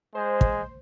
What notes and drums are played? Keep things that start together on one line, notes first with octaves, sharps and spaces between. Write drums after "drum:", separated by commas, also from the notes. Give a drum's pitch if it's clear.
G#3 C5
drum: kick